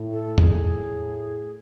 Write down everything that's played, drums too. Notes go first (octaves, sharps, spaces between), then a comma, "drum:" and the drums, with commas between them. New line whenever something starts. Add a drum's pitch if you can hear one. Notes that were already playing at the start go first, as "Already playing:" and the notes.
Already playing: A2
A4
A2 G#4, drum: tom E2